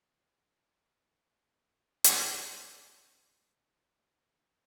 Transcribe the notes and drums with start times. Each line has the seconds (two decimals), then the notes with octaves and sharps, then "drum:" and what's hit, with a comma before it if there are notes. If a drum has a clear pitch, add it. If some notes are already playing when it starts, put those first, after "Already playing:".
Already playing: G2 D#3 G3
0.18 C5
1.24 G2 D#3 G#3 C5
1.59 A#4
2.04 drum: hi-hat
2.30 A#4
2.65 G#2 F3 G#3 G#4
4.07 G#2 G3 A#3 C5